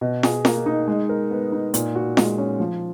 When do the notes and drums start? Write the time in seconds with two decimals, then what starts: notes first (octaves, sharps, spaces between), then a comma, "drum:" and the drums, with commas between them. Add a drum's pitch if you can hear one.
0.01 B2
0.23 G#4, drum: snare
0.45 A#3, drum: snare
0.66 D#4
0.88 G#3
1.09 A#4
1.31 B3
1.52 D#4
1.74 A#2, drum: hi-hat
1.95 F#4
2.17 G#3, drum: snare
2.38 C#4
2.60 F3